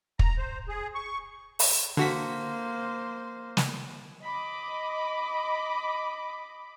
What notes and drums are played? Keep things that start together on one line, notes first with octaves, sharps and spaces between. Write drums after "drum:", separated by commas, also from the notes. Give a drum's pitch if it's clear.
A#5, drum: kick
C5
G#4
C#6
drum: open hi-hat
D3 A#3 F#4 C5 B6
drum: snare
D#5 B5 D6